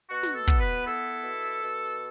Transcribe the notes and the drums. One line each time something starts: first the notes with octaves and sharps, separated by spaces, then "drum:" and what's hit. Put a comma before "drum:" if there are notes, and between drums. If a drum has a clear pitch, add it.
B2 F#4
drum: snare
A4
B3, drum: kick
B4
E4 A4
B2
B2